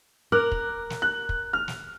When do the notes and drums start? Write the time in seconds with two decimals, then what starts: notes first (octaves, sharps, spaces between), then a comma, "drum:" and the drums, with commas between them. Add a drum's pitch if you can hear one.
0.32 A#4 D6 F6 F#6
0.52 drum: kick
0.90 drum: snare
1.02 F#6
1.29 drum: kick
1.53 F6
1.68 drum: snare